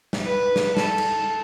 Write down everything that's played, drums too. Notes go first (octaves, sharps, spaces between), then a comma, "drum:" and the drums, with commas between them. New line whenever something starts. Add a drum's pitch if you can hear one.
drum: snare
B4
drum: snare
A4, drum: snare
drum: cymbal